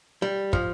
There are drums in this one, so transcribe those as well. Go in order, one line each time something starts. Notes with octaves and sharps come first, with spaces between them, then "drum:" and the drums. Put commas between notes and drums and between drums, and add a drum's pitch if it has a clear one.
G3
F3, drum: kick